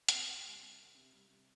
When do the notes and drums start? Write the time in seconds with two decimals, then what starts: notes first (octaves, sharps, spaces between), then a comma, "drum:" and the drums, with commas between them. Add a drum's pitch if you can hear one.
0.09 D#3 C4, drum: hi-hat
0.26 C3
0.44 G3
0.61 C3
0.78 D#3
0.94 C3
1.12 G3
1.29 C3